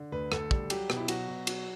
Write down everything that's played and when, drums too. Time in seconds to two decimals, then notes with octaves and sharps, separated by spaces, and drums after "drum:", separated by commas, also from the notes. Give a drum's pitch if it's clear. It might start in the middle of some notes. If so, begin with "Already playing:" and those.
Already playing: D3
0.12 D2 B4
0.32 D2 A4, drum: rim click
0.51 G3, drum: kick
0.70 F#3 G4, drum: cymbal
0.90 B2, drum: rim click
0.97 E4
1.08 F#3 F#4, drum: cymbal
1.28 B2
1.47 F#3, drum: cymbal